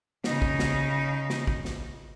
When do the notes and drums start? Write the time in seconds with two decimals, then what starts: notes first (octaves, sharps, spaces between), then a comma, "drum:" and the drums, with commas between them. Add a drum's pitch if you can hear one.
0.24 C#3 D#4, drum: snare
0.42 drum: kick A1
0.59 drum: snare
1.30 drum: snare
1.47 drum: kick A1
1.65 drum: snare